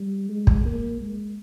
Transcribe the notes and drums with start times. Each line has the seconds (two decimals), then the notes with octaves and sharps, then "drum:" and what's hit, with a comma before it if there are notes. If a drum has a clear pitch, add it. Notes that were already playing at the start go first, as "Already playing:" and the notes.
Already playing: G3
0.29 G#3
0.47 drum: kick
0.65 A#3
1.00 G#3